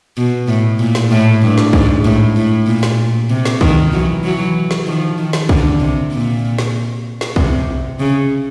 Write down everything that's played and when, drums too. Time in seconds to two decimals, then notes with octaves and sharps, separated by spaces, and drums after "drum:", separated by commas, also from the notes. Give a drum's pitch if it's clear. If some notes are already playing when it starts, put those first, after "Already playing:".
0.17 B2
0.48 A2
0.79 A#2
0.95 drum: snare
1.11 A2
1.42 G2
1.58 drum: snare
1.73 G#2, drum: kick
2.04 A2
2.36 A2
2.67 A#2
2.83 drum: snare
3.30 C3
3.45 drum: snare
3.61 D#3, drum: kick
3.93 E3 F#3
4.24 E3 F#3
4.71 drum: snare
4.86 D#3 F3
5.18 D#3
5.33 drum: snare
5.49 D3, drum: kick
5.80 C3
6.12 A#2
6.59 drum: snare
7.21 drum: snare
7.36 C3, drum: kick
8.00 C#3